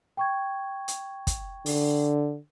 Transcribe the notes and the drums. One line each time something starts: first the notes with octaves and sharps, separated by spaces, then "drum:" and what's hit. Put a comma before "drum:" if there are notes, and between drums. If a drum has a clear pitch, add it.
G5 C#6 G#6
drum: hi-hat
drum: kick, hi-hat
D3, drum: open hi-hat